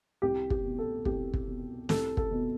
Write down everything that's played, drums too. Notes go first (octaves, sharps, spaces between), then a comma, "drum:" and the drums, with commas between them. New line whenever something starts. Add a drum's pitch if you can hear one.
C2 G4
G4, drum: kick
B2
A4
C2 G4, drum: kick
drum: kick
B2
C2 A4, drum: snare
A4, drum: kick
B2